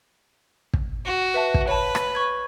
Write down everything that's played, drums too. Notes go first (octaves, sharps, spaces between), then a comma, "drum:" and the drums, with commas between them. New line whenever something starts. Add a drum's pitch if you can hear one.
drum: kick
F#4
B4 E5 A5
drum: kick
B4 C#5 A5
drum: rim click
C#6 G#6